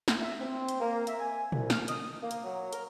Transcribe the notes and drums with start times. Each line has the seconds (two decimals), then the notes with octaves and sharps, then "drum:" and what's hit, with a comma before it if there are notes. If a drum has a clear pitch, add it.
0.08 drum: snare
0.20 E5
0.41 C4
0.69 drum: hi-hat
0.80 A#3
1.07 E5, drum: hi-hat
1.19 G#5
1.52 C2, drum: tom A#2
1.70 F6, drum: snare
1.88 D#6, drum: hi-hat
2.21 A#3
2.31 drum: hi-hat
2.44 F#3
2.73 A#4, drum: hi-hat